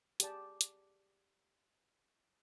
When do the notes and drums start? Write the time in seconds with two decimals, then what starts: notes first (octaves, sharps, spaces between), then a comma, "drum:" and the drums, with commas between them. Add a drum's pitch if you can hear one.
0.20 G4 G#4 D5 A5, drum: hi-hat
0.61 drum: hi-hat